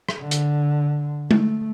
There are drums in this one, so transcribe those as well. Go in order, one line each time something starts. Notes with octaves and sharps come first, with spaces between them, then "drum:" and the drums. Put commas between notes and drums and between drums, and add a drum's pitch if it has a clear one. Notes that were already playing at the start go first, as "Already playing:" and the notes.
drum: rim click
D3
drum: hi-hat
A3, drum: tom G#3